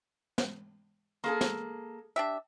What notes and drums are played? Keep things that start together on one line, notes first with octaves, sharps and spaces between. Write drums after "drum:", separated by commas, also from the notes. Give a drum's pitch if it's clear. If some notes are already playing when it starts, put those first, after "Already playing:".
drum: snare
A#3 G#4 A4 C6
drum: snare
D4 G4 E5